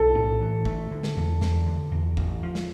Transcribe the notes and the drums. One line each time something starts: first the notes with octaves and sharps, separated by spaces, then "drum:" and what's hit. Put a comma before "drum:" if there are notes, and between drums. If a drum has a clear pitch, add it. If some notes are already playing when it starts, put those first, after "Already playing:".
Already playing: B1 A4
A2
E3
A3, drum: kick
D3
drum: snare
E2
E2, drum: snare
D3
E2
A1, drum: kick
F3
drum: snare